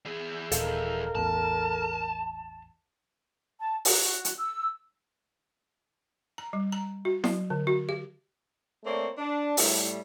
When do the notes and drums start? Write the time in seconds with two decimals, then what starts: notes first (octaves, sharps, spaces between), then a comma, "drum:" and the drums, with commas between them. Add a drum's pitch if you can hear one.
0.05 E2 G#4
0.52 D#1 A4 A#4 D#5 F5, drum: hi-hat
1.15 A1 E2 A5
3.59 A5
3.85 F#4, drum: open hi-hat
4.25 drum: hi-hat
4.37 E6
6.38 A#5
6.53 G3
6.72 A#5
7.05 F#4
7.24 F#3, drum: snare E4
7.50 D3
7.67 F#4
7.89 G4
8.84 A3 A#3 C4 C#5 D5
9.17 D4
9.57 A2 G3, drum: open hi-hat